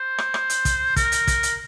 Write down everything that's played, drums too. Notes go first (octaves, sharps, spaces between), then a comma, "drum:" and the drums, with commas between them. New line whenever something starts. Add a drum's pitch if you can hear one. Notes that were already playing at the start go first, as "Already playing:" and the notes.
Already playing: C5
drum: rim click
drum: rim click
drum: hi-hat
drum: kick, hi-hat
A#4, drum: kick, hi-hat
drum: hi-hat
drum: kick, hi-hat
drum: hi-hat